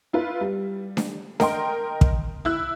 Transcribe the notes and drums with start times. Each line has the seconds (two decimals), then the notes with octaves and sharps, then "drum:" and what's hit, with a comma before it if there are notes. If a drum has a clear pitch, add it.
0.13 E4 F4 B4
0.41 G3
0.97 drum: snare D4
1.40 A#4 D#5 G5 C6, drum: snare D4
2.01 drum: kick
2.45 E4 E6 F#6